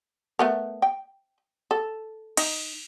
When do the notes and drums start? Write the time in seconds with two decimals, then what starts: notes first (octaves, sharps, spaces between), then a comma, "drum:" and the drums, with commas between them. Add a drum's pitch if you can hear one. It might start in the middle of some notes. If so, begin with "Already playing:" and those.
0.39 A3 B3 A#4
0.82 G5
1.71 A4
2.37 D#4, drum: cymbal